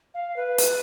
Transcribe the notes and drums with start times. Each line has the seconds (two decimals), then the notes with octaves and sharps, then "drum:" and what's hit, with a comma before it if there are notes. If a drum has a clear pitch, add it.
0.14 F5
0.36 B4
0.58 drum: hi-hat